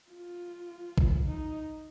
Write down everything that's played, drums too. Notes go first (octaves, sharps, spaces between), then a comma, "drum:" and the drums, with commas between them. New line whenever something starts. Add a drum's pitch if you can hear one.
F4
drum: kick A1
D#4